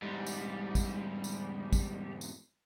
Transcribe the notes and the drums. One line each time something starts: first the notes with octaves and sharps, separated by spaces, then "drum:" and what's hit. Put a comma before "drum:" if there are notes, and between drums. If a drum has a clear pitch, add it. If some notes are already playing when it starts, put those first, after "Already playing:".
E2 G#2 G3
drum: tambourine
drum: kick, tambourine
drum: tambourine
drum: kick, tambourine
drum: tambourine